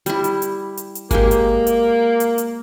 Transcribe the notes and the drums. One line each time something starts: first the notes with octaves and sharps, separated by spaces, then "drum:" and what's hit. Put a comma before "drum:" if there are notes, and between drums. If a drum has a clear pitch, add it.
G3 E4, drum: hi-hat
drum: hi-hat
drum: hi-hat
drum: hi-hat
drum: hi-hat
G#3 A#3 G4, drum: kick G#1, hi-hat
drum: hi-hat
drum: hi-hat
drum: hi-hat
drum: hi-hat